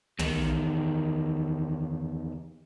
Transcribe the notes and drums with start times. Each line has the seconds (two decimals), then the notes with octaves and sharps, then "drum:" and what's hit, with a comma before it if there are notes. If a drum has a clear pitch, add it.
0.19 E2 D#3, drum: tom